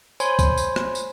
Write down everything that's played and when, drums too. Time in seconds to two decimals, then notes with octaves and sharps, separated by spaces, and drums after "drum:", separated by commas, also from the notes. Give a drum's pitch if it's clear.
0.20 C5 C#5 G#5 B5 C6 G#6, drum: tambourine
0.39 drum: kick, tambourine
0.58 drum: tambourine
0.76 drum: rim click
0.95 drum: tambourine